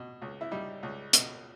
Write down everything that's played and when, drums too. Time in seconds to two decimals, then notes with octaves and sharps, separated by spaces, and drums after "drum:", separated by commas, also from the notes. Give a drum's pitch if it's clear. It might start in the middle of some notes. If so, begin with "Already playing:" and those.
Already playing: B2
0.22 C#2
0.41 E4
0.51 G3 D#4
0.83 C#2
1.13 B2, drum: hi-hat